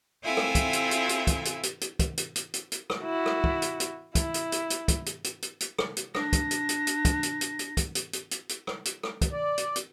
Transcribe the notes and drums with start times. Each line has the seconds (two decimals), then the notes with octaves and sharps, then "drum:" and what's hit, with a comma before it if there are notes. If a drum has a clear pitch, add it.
0.24 C4 E4 F4 A4 E5 G#5
0.37 drum: rim click
0.55 drum: kick, hi-hat
0.73 drum: hi-hat
0.91 drum: hi-hat
1.09 drum: hi-hat
1.27 drum: kick, hi-hat
1.45 drum: hi-hat
1.63 drum: hi-hat
1.81 drum: hi-hat
1.99 drum: kick, hi-hat
2.18 drum: hi-hat
2.36 drum: hi-hat
2.54 drum: hi-hat
2.72 drum: hi-hat
2.90 drum: rim click
2.99 E4 F#4
3.26 drum: rim click
3.44 drum: kick
3.62 drum: hi-hat
3.80 drum: hi-hat
4.15 E4, drum: kick, hi-hat
4.34 drum: hi-hat
4.52 drum: hi-hat
4.70 drum: hi-hat
4.88 drum: kick, hi-hat
5.06 drum: hi-hat
5.24 drum: hi-hat
5.42 drum: hi-hat
5.60 drum: hi-hat
5.79 drum: rim click
5.97 drum: hi-hat
6.15 D4 A#6, drum: rim click
6.33 drum: kick, hi-hat
6.51 drum: hi-hat
6.69 drum: hi-hat
6.87 drum: hi-hat
7.05 drum: kick, hi-hat
7.23 drum: hi-hat
7.41 drum: hi-hat
7.59 drum: hi-hat
7.77 drum: kick, hi-hat
7.95 drum: hi-hat
8.13 drum: hi-hat
8.31 drum: hi-hat
8.49 drum: hi-hat
8.67 drum: rim click
8.85 drum: hi-hat
9.03 drum: rim click
9.22 drum: kick, hi-hat
9.32 D5
9.58 drum: hi-hat
9.76 drum: hi-hat